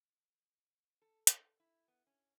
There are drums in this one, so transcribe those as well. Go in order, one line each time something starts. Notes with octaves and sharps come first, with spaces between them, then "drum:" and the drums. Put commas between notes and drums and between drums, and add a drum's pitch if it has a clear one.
A4
A4, drum: hi-hat
E4
B3
C#4